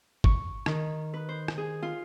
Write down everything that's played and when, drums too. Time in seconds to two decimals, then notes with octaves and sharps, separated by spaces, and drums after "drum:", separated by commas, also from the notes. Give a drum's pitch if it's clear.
0.24 C#6, drum: kick
0.66 D#3, drum: rim click
1.14 B4
1.29 C5
1.48 drum: rim click
1.58 G#4
1.82 F4